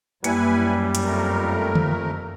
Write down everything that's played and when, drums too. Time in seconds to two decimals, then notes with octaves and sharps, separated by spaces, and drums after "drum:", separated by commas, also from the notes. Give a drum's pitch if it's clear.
0.24 F#2 G3 A#3 E4 B4 G#5, drum: hi-hat
0.95 drum: hi-hat
1.05 F2 A3 A#4
1.75 drum: tom D3